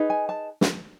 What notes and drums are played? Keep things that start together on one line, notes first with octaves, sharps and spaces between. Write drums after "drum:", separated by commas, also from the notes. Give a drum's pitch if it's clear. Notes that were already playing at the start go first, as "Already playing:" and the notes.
Already playing: D#4 G#4 B4
G#5
A5
drum: snare